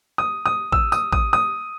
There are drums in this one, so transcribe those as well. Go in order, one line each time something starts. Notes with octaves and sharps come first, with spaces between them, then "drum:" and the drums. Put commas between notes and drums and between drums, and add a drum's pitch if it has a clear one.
D#6
D#6
E6, drum: kick A1
D#6, drum: tambourine
D#6, drum: kick A1
D#6